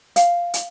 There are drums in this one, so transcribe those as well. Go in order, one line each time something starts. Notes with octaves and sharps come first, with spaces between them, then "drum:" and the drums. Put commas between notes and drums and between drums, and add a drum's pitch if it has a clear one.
F5, drum: hi-hat
drum: hi-hat